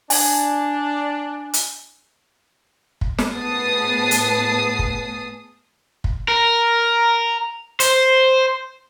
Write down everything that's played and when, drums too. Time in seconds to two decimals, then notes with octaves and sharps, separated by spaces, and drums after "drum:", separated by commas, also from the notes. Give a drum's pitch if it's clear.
0.10 D4 G#5, drum: open hi-hat
1.54 drum: hi-hat
3.01 drum: kick
3.18 drum: snare
3.31 A2 B3 G#4 A5 D#6 C7
4.11 drum: hi-hat
4.79 drum: kick
6.04 drum: kick
6.28 A#4
7.80 C5, drum: hi-hat